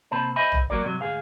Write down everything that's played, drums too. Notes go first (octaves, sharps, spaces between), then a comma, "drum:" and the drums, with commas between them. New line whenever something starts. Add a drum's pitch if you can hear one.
C3 A#3 C4 C5 A5 B5
C5 D#5 E5 G#5 B5
drum: tom A1
F#3 A#3 F#4 A#4 D5
G#2 C3 F#3
D2 G#2 G#4 F5